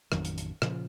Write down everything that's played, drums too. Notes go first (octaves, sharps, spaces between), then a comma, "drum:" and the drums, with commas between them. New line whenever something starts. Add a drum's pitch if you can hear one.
A1 F2 D#3 F#3, drum: rim click
drum: hi-hat
drum: hi-hat
A#2 C#3 F3, drum: rim click